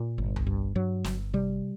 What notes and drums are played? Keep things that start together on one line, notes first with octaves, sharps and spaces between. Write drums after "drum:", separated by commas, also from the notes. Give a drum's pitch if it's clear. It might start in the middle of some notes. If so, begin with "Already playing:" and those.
Already playing: A#2
G1
drum: tom C2
G2
G2 F#3
G1, drum: snare
C3 G3